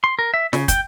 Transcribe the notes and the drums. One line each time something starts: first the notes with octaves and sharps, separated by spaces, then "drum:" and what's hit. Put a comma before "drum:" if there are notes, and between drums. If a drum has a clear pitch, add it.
C6
A#4
E5
C#3, drum: snare
G5, drum: kick, hi-hat